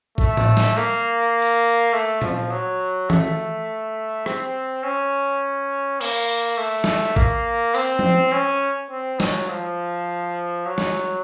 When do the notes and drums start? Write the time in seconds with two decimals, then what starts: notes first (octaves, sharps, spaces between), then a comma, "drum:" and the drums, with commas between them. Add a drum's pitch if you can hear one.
0.18 A3, drum: kick
0.37 drum: tom A2
0.57 drum: snare
0.77 A#3
1.42 drum: cymbal
1.93 A3
2.22 F3, drum: tom A#2
2.51 F#3
3.10 A3, drum: tom
4.26 C4, drum: rim click
4.84 C#4
6.01 A#3, drum: cymbal
6.58 A3
6.84 drum: snare
7.16 A#3, drum: kick
7.74 C4, drum: open hi-hat
7.99 drum: tom F3
8.33 C#4
8.91 C4
9.20 F#3, drum: snare
9.50 F3
10.66 F#3
10.78 drum: snare